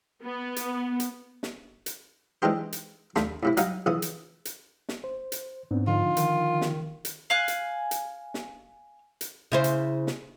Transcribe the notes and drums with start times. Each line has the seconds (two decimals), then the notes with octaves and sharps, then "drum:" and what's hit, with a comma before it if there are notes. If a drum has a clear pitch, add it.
0.23 B3
0.56 drum: hi-hat
1.00 drum: hi-hat
1.43 drum: snare
1.86 drum: hi-hat
2.42 D#3 E3 G#3 D4 G4 C5
2.73 drum: hi-hat
3.16 D#2 A3 D4 B5 C6, drum: snare
3.43 A2 C3 E4
3.57 F#3 G3 D#4 F5, drum: hi-hat
3.86 A#1 C#3 E3 D#6
4.02 drum: hi-hat
4.45 drum: hi-hat
4.89 drum: snare
5.04 C5
5.32 drum: hi-hat
5.71 G#2 B3 C4 D4
5.87 D3 F3 D#4 F4
6.17 D#3, drum: hi-hat
6.61 drum: snare
7.05 drum: hi-hat
7.30 F5 G#5 F#6
7.48 drum: hi-hat
7.91 drum: hi-hat
8.34 drum: snare
9.21 drum: hi-hat
9.52 C#3 E4 C5
9.64 drum: hi-hat
10.07 drum: snare